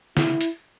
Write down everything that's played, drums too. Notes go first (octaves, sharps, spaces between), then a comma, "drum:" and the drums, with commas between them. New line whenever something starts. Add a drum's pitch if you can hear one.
E4, drum: snare
drum: hi-hat